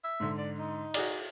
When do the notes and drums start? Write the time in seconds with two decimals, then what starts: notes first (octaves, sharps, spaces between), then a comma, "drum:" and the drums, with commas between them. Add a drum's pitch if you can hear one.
0.04 E5
0.20 G#2 D3
0.38 D5
0.58 D#4
0.94 F#4 G#4 D5, drum: cymbal